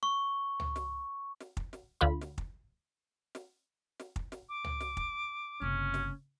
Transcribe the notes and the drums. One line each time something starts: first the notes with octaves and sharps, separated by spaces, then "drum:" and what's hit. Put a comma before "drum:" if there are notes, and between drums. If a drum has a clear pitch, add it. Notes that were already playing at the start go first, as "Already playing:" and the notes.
C#6
drum: tom C#2
drum: snare
drum: snare
drum: kick
drum: snare
D2 D3 F4 B5
drum: snare
drum: kick
drum: snare
drum: snare
drum: kick
drum: snare
D6
drum: tom C#2
drum: snare
drum: kick
F#1 C3 C#4
drum: snare